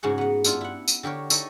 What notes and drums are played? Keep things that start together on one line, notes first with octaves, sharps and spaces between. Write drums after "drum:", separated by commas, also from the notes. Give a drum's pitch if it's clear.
G#2 C#3 G#3 F#4 G#4 F#5
B3 F#5
G2 B3 D4 E4 F4, drum: tambourine
E4 F#5
drum: tambourine
D3 G4 A#4 C#5
D#4 E4 A4 C#5 D#5, drum: tambourine